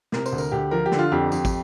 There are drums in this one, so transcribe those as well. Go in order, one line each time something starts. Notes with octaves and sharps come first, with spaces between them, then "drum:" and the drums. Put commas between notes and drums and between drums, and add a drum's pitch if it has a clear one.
C3 A#4, drum: snare
C5, drum: tambourine
D2
A#4, drum: tambourine
D2 G4
F3 A#4
G4
D3, drum: snare
F4
F2 G4
F2, drum: tambourine
drum: kick, tambourine